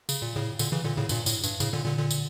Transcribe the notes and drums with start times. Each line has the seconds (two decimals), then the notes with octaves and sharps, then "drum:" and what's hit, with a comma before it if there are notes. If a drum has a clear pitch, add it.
0.09 C#3, drum: tambourine
0.22 A#2
0.36 A2 C#3
0.59 A#2 D3, drum: tambourine
0.72 C#3 E3
0.85 A#2 D3
0.98 A2 C#3
1.09 G2 A#2, drum: tambourine
1.26 A2, drum: tambourine
1.44 G2, drum: tambourine
1.60 A2 C#3, drum: tambourine
1.73 A#2 D3
1.85 A#2 D3
1.98 A#2 D3
2.11 drum: tambourine